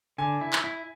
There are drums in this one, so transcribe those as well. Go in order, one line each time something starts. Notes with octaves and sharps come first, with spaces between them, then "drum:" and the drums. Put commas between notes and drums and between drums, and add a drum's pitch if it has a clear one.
D3 G#5
E4
drum: clap
E4